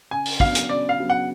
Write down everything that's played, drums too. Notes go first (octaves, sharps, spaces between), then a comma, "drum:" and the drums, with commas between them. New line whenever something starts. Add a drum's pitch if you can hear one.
C#3 G#5
drum: open hi-hat
F#3 B3 D4 F5, drum: kick
drum: hi-hat
C#3 D5
F5
F#3 B3 D4
F#5